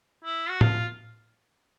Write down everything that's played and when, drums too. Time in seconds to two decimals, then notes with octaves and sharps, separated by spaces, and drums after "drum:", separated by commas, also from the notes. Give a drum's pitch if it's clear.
0.25 E4
0.50 F#4
0.61 F4, drum: tom A2